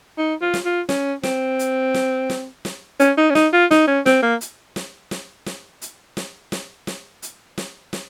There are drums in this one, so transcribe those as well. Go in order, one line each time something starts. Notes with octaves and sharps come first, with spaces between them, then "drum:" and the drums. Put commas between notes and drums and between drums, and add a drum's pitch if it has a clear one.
D#4
F4
drum: snare
F4
C#4, drum: snare
C4, drum: snare
drum: hi-hat
drum: snare
drum: snare
drum: snare
C#4, drum: hi-hat
D#4
C#4
D#4, drum: snare
F4
D#4, drum: snare
C#4
C4, drum: snare
A#3
drum: hi-hat
drum: snare
drum: snare
drum: snare
drum: hi-hat
drum: snare
drum: snare
drum: snare
drum: hi-hat
drum: snare
drum: snare